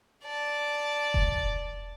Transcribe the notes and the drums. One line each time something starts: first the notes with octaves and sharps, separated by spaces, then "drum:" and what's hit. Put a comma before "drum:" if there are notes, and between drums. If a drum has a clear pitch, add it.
D5 A5
drum: kick E1